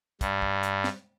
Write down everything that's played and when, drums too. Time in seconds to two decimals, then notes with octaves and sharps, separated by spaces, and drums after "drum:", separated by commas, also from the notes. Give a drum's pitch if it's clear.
0.21 G2, drum: kick, hi-hat
0.42 drum: kick
0.63 drum: hi-hat
0.84 drum: snare